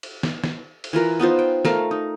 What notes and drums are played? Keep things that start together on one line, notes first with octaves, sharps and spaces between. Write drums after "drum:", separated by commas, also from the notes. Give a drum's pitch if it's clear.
drum: cymbal
drum: snare
drum: snare
drum: cymbal
E3 F4 A#4 B4
B3 D#4 F4 C5
G5
A3 A#4 F5, drum: snare
D#4